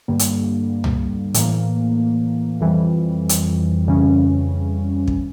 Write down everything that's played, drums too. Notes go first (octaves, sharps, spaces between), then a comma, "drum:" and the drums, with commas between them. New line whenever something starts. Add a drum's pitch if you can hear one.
G2 D3 G3 A#3
drum: hi-hat
drum: tom C#2
A2 E3 A#3, drum: hi-hat
F2 E3 G3
drum: hi-hat
F2 C#3 E3 G3 C#4
drum: kick